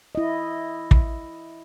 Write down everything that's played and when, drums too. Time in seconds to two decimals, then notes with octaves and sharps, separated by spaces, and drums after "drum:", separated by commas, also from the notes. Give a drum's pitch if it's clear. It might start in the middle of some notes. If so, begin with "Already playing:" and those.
0.15 E4 D#5
0.91 drum: kick